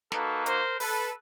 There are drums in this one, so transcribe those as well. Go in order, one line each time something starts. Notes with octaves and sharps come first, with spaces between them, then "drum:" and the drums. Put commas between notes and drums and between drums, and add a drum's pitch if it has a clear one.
A#3 D#4 F#4 A4 B4, drum: snare
A#4 C5, drum: hi-hat
A4 B4, drum: open hi-hat